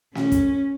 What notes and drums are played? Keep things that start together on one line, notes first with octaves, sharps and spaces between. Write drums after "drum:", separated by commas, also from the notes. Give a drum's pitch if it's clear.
C#4, drum: snare
drum: kick, hi-hat